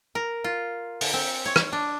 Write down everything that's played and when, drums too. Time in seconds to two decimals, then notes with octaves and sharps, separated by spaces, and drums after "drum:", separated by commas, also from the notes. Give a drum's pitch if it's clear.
0.15 A#4
0.44 F4
1.01 D3, drum: open hi-hat
1.14 C4
1.46 C#5
1.56 drum: rim click
1.73 D4